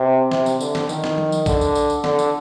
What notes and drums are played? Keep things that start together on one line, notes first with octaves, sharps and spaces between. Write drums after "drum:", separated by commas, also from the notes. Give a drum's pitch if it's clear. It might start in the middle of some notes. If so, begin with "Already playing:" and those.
Already playing: C3
C3, drum: snare
drum: tambourine
D3, drum: tambourine
drum: snare
D#3, drum: tambourine
drum: snare
drum: tom F3
drum: tambourine
D3, drum: kick A#1, tambourine
drum: tambourine
drum: tambourine
drum: tambourine
D3, drum: snare
drum: tambourine